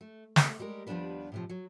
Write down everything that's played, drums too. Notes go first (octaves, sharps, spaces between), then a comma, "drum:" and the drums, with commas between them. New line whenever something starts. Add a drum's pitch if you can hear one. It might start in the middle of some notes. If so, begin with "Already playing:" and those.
A3
A3, drum: snare
G3 G#3 G4 A#4
D#2 F3 G3 B3 D4 B4
A2 C3 F3
F#3